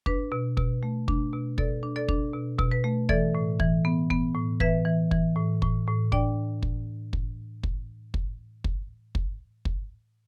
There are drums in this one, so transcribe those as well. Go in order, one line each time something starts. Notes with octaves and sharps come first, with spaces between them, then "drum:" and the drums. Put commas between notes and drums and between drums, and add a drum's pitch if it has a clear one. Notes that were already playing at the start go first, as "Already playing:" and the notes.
D4 B4, drum: kick
B2
B2, drum: kick
A3
D4, drum: kick
B2
B2 A4 D5, drum: kick
D4
A4 D5
D4, drum: kick
B2
B2, drum: kick
B4
A3
E3 A4 D5, drum: kick
A2
E3, drum: kick
B3
B3, drum: kick
A2
E3 B4 E5, drum: kick
E3
E3, drum: kick
A2
A2, drum: kick
A2
D4 D5 G5, drum: kick
drum: kick
drum: kick
drum: kick
drum: kick
drum: kick
drum: kick
drum: kick